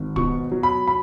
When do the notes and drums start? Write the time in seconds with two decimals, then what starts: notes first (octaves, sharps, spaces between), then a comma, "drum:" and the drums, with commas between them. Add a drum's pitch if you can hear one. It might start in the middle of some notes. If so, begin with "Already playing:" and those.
Already playing: G#1
0.16 B2 C#6, drum: kick
0.51 F#3
0.63 B5
0.88 B5